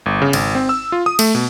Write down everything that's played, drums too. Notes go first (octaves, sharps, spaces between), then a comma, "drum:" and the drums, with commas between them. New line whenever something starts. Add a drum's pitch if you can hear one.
G1
C#3
G#1, drum: cymbal
C4
E6
F4
D#6
A3, drum: cymbal
B2